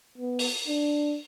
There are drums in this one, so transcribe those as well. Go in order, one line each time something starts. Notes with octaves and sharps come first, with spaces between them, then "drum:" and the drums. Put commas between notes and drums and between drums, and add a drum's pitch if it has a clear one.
B3
drum: open hi-hat
D4